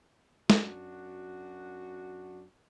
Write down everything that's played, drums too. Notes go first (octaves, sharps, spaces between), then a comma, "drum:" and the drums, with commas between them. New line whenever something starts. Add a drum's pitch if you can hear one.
F#2 D4 F#4, drum: snare